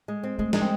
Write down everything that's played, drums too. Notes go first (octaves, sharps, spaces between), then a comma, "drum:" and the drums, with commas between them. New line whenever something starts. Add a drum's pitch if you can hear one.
G#3
C4
G#3 A3
G#3 D4, drum: snare G3
C4